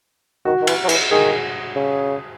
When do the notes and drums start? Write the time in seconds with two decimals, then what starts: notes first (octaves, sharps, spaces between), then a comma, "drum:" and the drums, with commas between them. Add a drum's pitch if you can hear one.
0.45 D#3 F#4
0.62 D#3
0.67 E3, drum: cymbal
0.84 F#3
0.89 E3, drum: cymbal
1.11 D#3 G#4
1.76 C#3